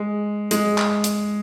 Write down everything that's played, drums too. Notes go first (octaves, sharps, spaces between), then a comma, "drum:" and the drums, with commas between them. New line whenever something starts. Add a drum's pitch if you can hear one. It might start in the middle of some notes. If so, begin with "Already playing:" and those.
Already playing: G#3
G#3, drum: hi-hat
drum: clap
drum: hi-hat